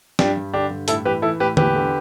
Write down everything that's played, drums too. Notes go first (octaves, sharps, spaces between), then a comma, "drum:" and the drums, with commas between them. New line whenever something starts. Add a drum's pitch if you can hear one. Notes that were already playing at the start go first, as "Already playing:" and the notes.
G2 D4 G4, drum: snare
G2
D3 D4 G4
G2
A2 E4 A4, drum: hi-hat
E3 G4 B4
E3 E4 A4
A2 G4 B4
E2 G4 B4, drum: tom D3
D3